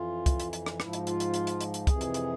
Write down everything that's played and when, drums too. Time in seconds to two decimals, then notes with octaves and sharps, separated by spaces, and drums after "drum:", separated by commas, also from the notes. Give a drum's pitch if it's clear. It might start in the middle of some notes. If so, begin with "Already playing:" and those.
Already playing: F2 E3 F4
0.26 drum: kick, hi-hat
0.40 drum: hi-hat
0.53 drum: hi-hat
0.66 drum: rim click
0.80 G#2 F3 E4, drum: rim click
0.93 drum: hi-hat
1.07 F4, drum: hi-hat
1.20 drum: hi-hat
1.34 drum: hi-hat
1.47 drum: hi-hat
1.61 drum: hi-hat
1.74 drum: hi-hat
1.87 F2 C3 E3 G#4, drum: kick, hi-hat
2.01 drum: hi-hat
2.14 drum: hi-hat